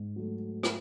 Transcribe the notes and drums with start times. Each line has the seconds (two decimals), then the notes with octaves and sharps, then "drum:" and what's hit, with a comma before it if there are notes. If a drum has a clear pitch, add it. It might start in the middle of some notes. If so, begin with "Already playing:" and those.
Already playing: G#2
0.16 F#3 A3
0.63 drum: rim click